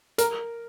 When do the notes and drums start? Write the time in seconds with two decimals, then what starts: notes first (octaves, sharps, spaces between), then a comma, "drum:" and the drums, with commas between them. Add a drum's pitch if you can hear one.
0.18 A#4, drum: hi-hat